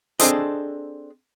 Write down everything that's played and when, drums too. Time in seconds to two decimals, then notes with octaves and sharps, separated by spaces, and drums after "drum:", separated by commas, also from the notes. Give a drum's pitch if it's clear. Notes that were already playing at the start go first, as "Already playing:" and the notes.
0.19 C4 D4 G#4 A4 C5 D#5, drum: hi-hat